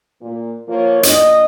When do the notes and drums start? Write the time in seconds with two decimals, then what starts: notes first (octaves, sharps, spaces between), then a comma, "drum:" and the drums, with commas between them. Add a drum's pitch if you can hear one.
0.21 A#2
0.68 F3 A#3 F4 C#5
1.03 A#2 D4 D#5, drum: hi-hat